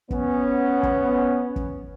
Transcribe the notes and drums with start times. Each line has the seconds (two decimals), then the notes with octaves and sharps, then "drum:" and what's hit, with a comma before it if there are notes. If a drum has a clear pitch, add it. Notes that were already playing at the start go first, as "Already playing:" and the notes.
0.10 B3 C#4, drum: kick
0.83 drum: kick
1.56 drum: kick